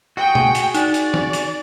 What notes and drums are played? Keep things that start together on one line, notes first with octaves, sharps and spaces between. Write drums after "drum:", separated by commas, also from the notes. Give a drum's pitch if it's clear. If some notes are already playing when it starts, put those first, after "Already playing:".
F#4 G#4 G5
drum: tom
drum: hi-hat
D#4 D5, drum: hi-hat
drum: hi-hat
drum: tom
drum: hi-hat